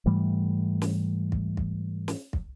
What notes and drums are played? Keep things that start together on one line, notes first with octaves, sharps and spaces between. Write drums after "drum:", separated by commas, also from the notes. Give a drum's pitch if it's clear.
G#2 E3 G3 A3
drum: snare
drum: kick
drum: kick
drum: snare
drum: kick